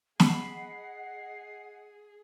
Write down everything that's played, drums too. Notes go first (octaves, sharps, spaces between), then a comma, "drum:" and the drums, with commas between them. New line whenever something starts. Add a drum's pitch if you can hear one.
G#4 D#5 F#5 B5 C7, drum: snare